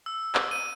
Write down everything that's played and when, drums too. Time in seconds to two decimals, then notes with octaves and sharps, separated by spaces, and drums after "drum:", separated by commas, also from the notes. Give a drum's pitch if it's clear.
0.06 E6
0.35 drum: clap
0.51 D#7